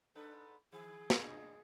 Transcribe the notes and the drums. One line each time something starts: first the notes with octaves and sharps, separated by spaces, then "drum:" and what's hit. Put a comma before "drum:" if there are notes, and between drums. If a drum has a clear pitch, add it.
G#2 D4 A4 B4
D#3 G#4
drum: snare
G2 D4 D#5